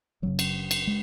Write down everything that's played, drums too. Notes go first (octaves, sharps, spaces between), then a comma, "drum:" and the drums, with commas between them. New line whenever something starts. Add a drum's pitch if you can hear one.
F#1 F#2 C#3 F#3
drum: cymbal
drum: cymbal
G#3